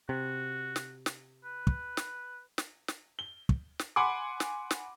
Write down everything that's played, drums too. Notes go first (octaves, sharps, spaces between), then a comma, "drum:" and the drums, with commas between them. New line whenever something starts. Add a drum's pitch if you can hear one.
C3 F#4
drum: snare
drum: snare
B4
drum: kick
drum: snare
drum: snare
drum: snare
G7
drum: kick
drum: snare
F#5 G#5 B5 C6 D6
drum: snare
drum: snare